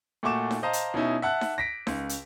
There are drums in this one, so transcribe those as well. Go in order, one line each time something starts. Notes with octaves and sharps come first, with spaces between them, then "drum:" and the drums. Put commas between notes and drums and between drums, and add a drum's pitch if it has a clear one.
A#2 A3 F#4 C#6 D6 E7
drum: snare D#4
C5 D#5 F5 A5 A#5
drum: hi-hat
B2 C#4 D#4 E4
E5 F#5 A5 F#6
drum: snare D#4
A#6 B6 D7
C#2, drum: snare D#4
drum: hi-hat